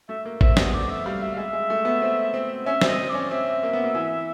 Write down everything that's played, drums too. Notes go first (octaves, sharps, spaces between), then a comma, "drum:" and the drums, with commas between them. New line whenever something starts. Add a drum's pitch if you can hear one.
A3 E5
A#3
C4 E5, drum: kick A1
B3 D#5, drum: snare
A3 D5
E5
G3 F5
E5
F5
G#3 E5
G#3
A3
B3
C4
C4
C#4 E5
C4, drum: snare
D#5
C4
D5
C#4
C4 E5
A#3
B3
A#3
E3